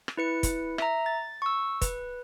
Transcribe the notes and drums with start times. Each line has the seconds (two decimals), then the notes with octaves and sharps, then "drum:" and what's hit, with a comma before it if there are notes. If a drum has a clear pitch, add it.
0.08 drum: rim click
0.17 E4 B4 C#7
0.43 drum: kick, hi-hat
0.78 E5 A#5, drum: rim click
1.06 A6
1.42 C#6 E6
1.82 B4, drum: kick, hi-hat